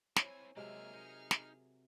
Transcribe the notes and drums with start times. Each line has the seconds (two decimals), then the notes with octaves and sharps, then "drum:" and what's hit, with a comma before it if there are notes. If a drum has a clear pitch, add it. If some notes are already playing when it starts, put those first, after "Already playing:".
0.16 C4 E4 C#5 G#5, drum: snare
0.56 C3 F#3 G#3 A#3 G#4 E5 F6
0.93 D#4 A#4
1.31 drum: snare